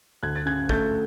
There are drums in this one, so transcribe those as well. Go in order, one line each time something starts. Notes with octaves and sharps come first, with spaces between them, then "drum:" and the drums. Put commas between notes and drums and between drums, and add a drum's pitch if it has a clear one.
D2 F#6 G#6
A6
C#3 F#6 G#6
A3 G6 A6, drum: kick